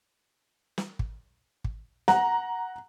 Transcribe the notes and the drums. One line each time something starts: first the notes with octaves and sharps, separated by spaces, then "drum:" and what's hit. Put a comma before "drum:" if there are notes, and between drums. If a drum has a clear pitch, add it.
drum: snare
drum: kick
drum: kick
F#5 A#5, drum: snare